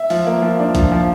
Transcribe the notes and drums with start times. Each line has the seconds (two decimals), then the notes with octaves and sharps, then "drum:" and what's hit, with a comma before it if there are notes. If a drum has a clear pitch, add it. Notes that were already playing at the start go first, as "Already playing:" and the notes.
Already playing: E5
0.10 F3, drum: open hi-hat
0.27 A#3
0.42 F3
0.59 D4
0.75 F3, drum: kick A#1, hi-hat
0.92 F3